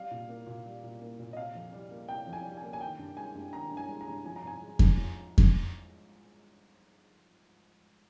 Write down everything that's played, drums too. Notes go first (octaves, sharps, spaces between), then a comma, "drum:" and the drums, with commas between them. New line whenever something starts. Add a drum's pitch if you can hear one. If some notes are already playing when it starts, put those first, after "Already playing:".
Already playing: G3 F5
A#2
A#3
A#2
G3
A#2
A#3
A#2
D#5
C3 F5
F2
G3
A#3
C3 G5
F2
G#5
G3
G#5
A#3
G#5
D#3 G5
G2
G#3 G#5
G2
D#3 A#5
G2
G#5
G#3
A#5
G2
F3 G#5
A#5
G#2 G#5
G#3
G#2, drum: kick F2
F3
drum: kick F2